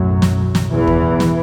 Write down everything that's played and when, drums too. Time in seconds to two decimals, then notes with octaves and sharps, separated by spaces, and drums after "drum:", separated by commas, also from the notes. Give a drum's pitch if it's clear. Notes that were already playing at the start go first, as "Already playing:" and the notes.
Already playing: B1 F#2 A2 F#3
0.22 drum: snare
0.55 drum: snare
0.71 E2 E3
0.87 drum: kick
1.20 drum: snare